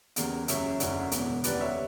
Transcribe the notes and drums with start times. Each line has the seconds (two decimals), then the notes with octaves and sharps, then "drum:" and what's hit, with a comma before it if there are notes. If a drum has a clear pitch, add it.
0.16 E2 C#3 G3 A#3, drum: hi-hat
0.48 F#1 F#2 C#3 C#5 E5, drum: hi-hat
0.80 F#1 F#2 D3, drum: hi-hat
1.12 E1 E2 B2, drum: hi-hat
1.44 F#1 E2 D3 G3 A#3 B4 D5, drum: hi-hat
1.61 C#5 E5